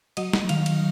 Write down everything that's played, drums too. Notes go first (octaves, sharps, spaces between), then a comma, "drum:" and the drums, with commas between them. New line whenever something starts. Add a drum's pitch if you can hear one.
F#3 D#5, drum: cymbal
drum: snare
D#3 F5, drum: cymbal
drum: cymbal